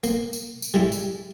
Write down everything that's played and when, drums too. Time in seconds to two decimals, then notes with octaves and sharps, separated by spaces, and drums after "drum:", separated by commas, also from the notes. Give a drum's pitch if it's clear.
0.04 A#3, drum: tambourine
0.33 drum: tambourine
0.62 drum: tambourine
0.74 G3 G#3 E4
0.92 drum: tambourine